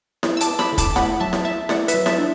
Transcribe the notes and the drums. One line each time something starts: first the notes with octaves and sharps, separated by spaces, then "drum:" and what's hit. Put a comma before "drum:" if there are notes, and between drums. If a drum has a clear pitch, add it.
E4, drum: snare E4
E6
A5 D6, drum: hi-hat
B3
B5 E6, drum: snare E4
D3
A5 D6, drum: kick, hi-hat
A3 F#5 B5, drum: snare E4
F#3 E5 A5
drum: snare E4
E4 E5 A5
A3 D5 F#5, drum: snare E4
B4 E5, drum: hi-hat
F#3
E5 A5, drum: snare E4
D4